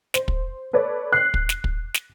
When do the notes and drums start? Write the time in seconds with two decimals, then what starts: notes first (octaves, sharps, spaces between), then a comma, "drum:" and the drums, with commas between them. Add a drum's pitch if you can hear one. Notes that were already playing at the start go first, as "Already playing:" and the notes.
0.14 C5, drum: snare
0.28 drum: kick
0.73 A4 B4 C#5 D5
1.13 F#6 C7
1.34 drum: kick
1.49 drum: snare
1.64 drum: kick
1.94 drum: snare